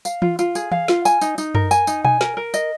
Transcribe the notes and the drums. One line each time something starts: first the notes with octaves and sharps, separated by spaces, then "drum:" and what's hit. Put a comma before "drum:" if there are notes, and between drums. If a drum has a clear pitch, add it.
F5, drum: tambourine
F4, drum: tom E3
F4, drum: tambourine
G#4, drum: tambourine
F5, drum: tom E3
F4, drum: snare
G#5, drum: tambourine
D#4, drum: tambourine
D#4, drum: tambourine
A#4, drum: tom F#2
G#5, drum: tambourine
D#4, drum: tambourine
G#5, drum: tom B2
A#4, drum: snare
A#4
D#5, drum: tambourine